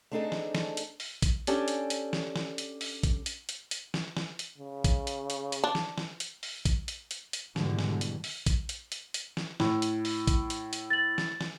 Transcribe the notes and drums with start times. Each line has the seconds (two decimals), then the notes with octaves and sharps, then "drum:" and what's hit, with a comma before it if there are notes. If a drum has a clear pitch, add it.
0.11 A3 C4 D4 D#4 G#4 A4
0.32 drum: snare
0.55 drum: snare
0.77 drum: hi-hat
1.00 drum: open hi-hat
1.22 drum: kick A#1, hi-hat
1.47 C#4 D4 G4 A4, drum: hi-hat
1.68 drum: hi-hat
1.90 drum: hi-hat
2.13 drum: snare
2.36 drum: snare
2.58 drum: hi-hat
2.81 drum: open hi-hat
3.03 drum: kick A#1, hi-hat
3.26 drum: hi-hat
3.49 drum: hi-hat
3.71 drum: hi-hat
3.94 drum: snare
4.17 drum: snare
4.39 drum: hi-hat
4.58 C#3
4.84 drum: kick A#1, hi-hat
5.07 drum: hi-hat
5.30 drum: hi-hat
5.52 drum: hi-hat
5.64 D4
5.75 drum: snare
5.98 drum: snare
6.20 drum: hi-hat
6.43 drum: open hi-hat
6.65 drum: kick A#1, hi-hat
6.88 drum: hi-hat
7.11 drum: hi-hat
7.33 drum: hi-hat
7.56 G#2 B2 D3 E3 G3 G#3, drum: snare
7.79 drum: snare
8.01 drum: hi-hat
8.24 drum: open hi-hat
8.46 drum: kick A#1, hi-hat
8.69 drum: hi-hat
8.92 drum: hi-hat
9.14 drum: hi-hat
9.37 drum: snare
9.60 A2, drum: snare
9.82 drum: hi-hat
10.05 drum: open hi-hat
10.27 drum: kick A#1, hi-hat
10.50 drum: hi-hat
10.73 drum: hi-hat
10.90 A6 F#7
11.18 drum: snare
11.41 drum: snare